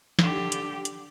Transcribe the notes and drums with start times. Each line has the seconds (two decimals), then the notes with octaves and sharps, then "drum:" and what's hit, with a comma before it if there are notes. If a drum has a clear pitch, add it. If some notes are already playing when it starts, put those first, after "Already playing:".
0.19 D3 G4, drum: snare
0.52 drum: hi-hat
0.85 drum: hi-hat